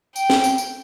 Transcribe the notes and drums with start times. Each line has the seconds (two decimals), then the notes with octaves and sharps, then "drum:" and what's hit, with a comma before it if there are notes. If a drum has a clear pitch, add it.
0.16 G5, drum: tambourine
0.30 drum: snare
0.44 drum: tambourine
0.58 drum: tambourine